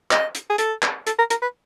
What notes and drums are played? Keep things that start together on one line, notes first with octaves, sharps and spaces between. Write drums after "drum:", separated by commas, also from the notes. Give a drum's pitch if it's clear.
D#5, drum: clap
drum: hi-hat
G#4
A4, drum: hi-hat
drum: clap
A4, drum: hi-hat
A#4
A#4, drum: hi-hat
B4